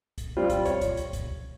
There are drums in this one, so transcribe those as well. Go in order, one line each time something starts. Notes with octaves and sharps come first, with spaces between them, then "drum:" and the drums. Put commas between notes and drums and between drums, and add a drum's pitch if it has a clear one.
drum: kick, hi-hat
G3 C4 F4
drum: kick, hi-hat
C#5, drum: hi-hat
drum: kick, hi-hat
drum: hi-hat
drum: kick, hi-hat